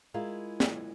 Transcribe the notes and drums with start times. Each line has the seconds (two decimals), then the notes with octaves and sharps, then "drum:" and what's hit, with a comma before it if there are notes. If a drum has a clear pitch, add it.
0.14 G#3 E4 F4 A#4
0.60 drum: snare